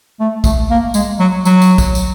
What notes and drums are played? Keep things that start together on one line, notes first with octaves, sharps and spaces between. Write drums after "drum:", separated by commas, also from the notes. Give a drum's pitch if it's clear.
A3
A3, drum: kick, tambourine
A#3
G#3, drum: tambourine
F#3
F#3, drum: tambourine
drum: tambourine
drum: kick, tambourine
drum: tambourine